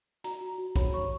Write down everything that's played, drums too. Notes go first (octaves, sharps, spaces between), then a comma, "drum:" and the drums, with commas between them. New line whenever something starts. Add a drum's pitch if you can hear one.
F#4 A#5, drum: hi-hat
F#4
F#4
C#5 B5, drum: kick B1, hi-hat
C#5 C#6